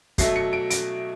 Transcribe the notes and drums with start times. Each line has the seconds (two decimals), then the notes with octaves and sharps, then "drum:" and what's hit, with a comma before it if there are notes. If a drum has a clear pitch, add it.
0.18 B2 F#3 A3 C7, drum: kick, hi-hat
0.36 C#7
0.53 D7
0.70 D7, drum: hi-hat